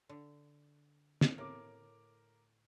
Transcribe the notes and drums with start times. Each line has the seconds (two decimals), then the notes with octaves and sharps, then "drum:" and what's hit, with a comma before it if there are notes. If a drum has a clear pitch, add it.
0.09 D3
1.21 drum: snare
1.38 A2 A#4 D6